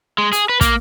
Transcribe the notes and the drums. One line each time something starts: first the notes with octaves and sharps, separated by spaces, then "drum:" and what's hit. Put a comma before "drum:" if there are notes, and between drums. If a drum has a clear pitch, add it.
G#3
G#4, drum: hi-hat
B4
A#3, drum: kick, hi-hat